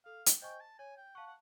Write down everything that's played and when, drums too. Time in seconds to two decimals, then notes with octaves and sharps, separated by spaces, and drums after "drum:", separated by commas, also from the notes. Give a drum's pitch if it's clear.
0.05 A4 F5
0.26 drum: hi-hat
0.42 C5 D#5 G5 G#5 C#6
0.60 A5
0.79 C#5 G#5
0.97 G5
1.15 F5 F#5 A5 C#6
1.26 F#5